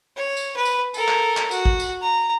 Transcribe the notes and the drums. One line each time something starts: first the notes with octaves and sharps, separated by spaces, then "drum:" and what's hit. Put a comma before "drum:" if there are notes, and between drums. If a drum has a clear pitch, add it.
C#5
drum: tambourine
B4
drum: tambourine
A4 A#4, drum: tambourine
drum: clap
drum: clap
F#4, drum: tambourine
drum: kick
drum: tambourine
A#5